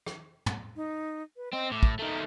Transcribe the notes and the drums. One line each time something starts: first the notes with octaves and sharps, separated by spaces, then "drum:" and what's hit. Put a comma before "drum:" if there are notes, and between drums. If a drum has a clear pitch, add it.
drum: rim click
drum: tom
D#4
B4
C4 D#5
A2 D6
drum: kick
D#3 A3 A#5